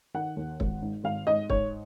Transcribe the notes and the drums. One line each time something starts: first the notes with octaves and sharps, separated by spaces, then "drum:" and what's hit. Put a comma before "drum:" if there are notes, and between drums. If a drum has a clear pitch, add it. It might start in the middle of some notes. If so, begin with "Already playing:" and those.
D#3 F#5
D#2
G#1, drum: kick
G#2
G#1 F5
G#2 D#5
G#2 C#5, drum: kick